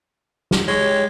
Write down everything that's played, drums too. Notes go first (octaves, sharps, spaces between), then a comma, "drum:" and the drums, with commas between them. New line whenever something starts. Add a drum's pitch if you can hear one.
drum: snare
G#3 G4 G#4 C#5